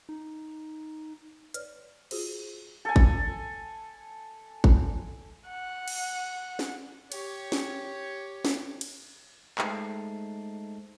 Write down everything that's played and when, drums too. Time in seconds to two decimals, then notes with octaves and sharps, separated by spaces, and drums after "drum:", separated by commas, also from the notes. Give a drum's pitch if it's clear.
0.09 D#4
1.54 B4 C#5 D5 F6, drum: hi-hat
2.11 F4 F#4 G#4 C5, drum: cymbal
2.85 A4 G#5
2.96 drum: kick G#1
4.64 drum: kick G#1
5.48 F#5
5.88 drum: cymbal
6.59 drum: snare
7.12 G4 C#5, drum: cymbal
7.52 drum: snare
8.45 drum: snare
8.81 drum: cymbal
9.58 G#3 A3 D#4 C5 A5 C7, drum: clap